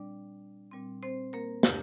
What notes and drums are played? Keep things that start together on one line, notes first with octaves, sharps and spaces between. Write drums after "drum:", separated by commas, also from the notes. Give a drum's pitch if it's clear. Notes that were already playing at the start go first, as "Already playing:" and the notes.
Already playing: A#2 G3 C4 D4 D5
A#2 G3 C4
C4 C5
A#3 A#4
C3 A#3 D4 G4, drum: snare